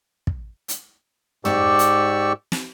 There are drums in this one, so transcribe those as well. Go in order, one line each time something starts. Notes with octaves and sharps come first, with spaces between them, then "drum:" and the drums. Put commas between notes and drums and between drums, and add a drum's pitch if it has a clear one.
drum: kick
drum: hi-hat
G#2 G4 D5 C#6 E6, drum: tom
drum: hi-hat
drum: snare